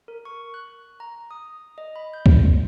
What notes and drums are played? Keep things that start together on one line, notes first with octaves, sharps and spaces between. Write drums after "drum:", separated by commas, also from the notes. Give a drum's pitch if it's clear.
A#4
C#6
F#6
A#5
D#6
D#5
B5
G6
drum: kick C#2